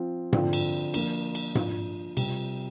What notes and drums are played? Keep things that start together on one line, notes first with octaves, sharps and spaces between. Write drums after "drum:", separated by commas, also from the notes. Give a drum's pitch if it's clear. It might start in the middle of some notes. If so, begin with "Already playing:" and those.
Already playing: F3 C4 F4
D3 F3 C4 F4, drum: tom G#2
drum: cymbal
F3 A#3 D4 F4, drum: cymbal
drum: cymbal
F3 D4 F4, drum: tom G#2
C3 G3 C4 F4, drum: cymbal